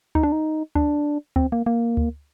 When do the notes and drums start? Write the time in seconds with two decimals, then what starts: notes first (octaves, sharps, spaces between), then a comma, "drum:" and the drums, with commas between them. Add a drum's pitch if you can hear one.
0.15 D#4, drum: kick D2
0.23 D4
0.32 D#4
0.75 D4, drum: kick D2
1.36 C4, drum: kick D2
1.52 A#3
1.66 A#3
1.97 drum: kick D2